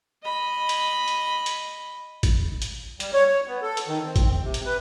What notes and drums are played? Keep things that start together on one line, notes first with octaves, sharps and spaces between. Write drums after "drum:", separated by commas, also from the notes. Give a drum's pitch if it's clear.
D#5 B5
drum: hi-hat
drum: hi-hat
drum: hi-hat
drum: kick, hi-hat
drum: hi-hat
G3, drum: hi-hat
C#5
C#5
B3
A4
drum: hi-hat
D#3
C4
drum: kick, hi-hat
C3
drum: hi-hat
B4